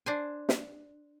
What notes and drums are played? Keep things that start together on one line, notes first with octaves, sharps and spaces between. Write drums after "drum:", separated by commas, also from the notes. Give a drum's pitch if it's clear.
D4 C5 G#5
drum: snare